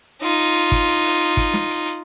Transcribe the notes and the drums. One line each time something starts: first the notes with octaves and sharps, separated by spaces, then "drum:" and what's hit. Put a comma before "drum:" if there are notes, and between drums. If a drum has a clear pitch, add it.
D#4 F4, drum: hi-hat
drum: hi-hat
drum: hi-hat
drum: kick, hi-hat
drum: hi-hat
drum: open hi-hat
drum: hi-hat
drum: kick, hi-hat
drum: snare
drum: hi-hat
drum: hi-hat